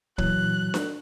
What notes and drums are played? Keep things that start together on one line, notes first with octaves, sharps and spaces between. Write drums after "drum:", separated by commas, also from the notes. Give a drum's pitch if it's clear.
A#2 E3 F#3 F#6, drum: kick
drum: snare D4